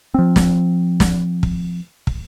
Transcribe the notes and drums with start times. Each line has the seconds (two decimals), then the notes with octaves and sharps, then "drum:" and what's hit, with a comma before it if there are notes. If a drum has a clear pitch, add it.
0.14 F3 C4
0.36 drum: snare
1.00 drum: snare
1.43 drum: kick
2.07 drum: kick